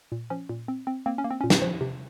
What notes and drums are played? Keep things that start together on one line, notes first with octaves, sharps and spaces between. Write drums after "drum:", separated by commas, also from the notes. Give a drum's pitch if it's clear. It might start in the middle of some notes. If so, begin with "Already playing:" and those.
A#2
F3 C#4
A#2
C4
C4
A#3 C4
C#4
A#3
C4
A#2 C#4
C4, drum: snare
F3
C3